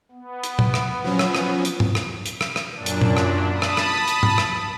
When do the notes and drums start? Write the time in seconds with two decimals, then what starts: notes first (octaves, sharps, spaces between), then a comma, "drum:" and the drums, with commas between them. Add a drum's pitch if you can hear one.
0.12 B3
0.44 drum: hi-hat
0.59 drum: tom
0.74 drum: rim click
1.04 F3 F#3 C#4
1.19 drum: rim click
1.35 drum: rim click
1.65 drum: hi-hat
1.80 drum: tom
1.95 drum: rim click
2.26 drum: hi-hat
2.41 drum: rim click
2.56 drum: rim click
2.75 F#2 A#2 D4
2.86 drum: hi-hat
3.01 drum: tom
3.17 drum: rim click
3.53 A5 B5 D#6
3.62 drum: rim click
3.77 drum: rim click
4.08 drum: hi-hat
4.23 drum: tom
4.38 drum: rim click